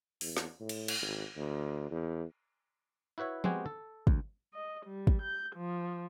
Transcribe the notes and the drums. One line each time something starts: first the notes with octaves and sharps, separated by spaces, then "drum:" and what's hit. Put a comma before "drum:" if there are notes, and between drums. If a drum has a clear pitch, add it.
E2, drum: open hi-hat
drum: snare
A2
drum: cymbal
drum: cymbal
G#1
D2
E2
E4 F#4 B4 C#5 E5
G#3 B3 C4 F#4 G4 G#5, drum: tom F3
A4
D2, drum: kick
D#5
G3
drum: kick
G6
F3